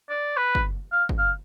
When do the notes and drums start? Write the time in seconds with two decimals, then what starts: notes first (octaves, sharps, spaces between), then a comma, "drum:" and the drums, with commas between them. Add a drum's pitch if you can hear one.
0.10 D5
0.37 B4
0.55 drum: kick
0.92 F5
1.09 drum: kick
1.19 F5